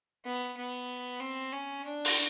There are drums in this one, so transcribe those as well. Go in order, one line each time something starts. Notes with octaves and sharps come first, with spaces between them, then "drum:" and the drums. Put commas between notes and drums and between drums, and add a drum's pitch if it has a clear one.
B3
B3
C4
C#4
D4
drum: open hi-hat